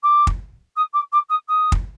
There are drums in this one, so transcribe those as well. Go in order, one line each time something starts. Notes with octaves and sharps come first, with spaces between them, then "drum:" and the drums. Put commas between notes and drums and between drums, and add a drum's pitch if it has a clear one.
D6
drum: kick
D#6
D6
D6
D#6
D#6
drum: kick